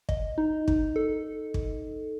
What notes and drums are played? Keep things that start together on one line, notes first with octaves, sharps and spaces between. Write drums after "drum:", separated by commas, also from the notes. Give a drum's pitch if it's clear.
D#5, drum: kick
D#4
D#4, drum: kick
A4
drum: kick